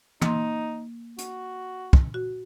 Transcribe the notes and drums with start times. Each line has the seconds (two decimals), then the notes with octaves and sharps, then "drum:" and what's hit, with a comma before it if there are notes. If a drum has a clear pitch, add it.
0.22 A#3 D#4 C6, drum: tom
1.18 F#4, drum: hi-hat
1.93 drum: kick
2.14 F#4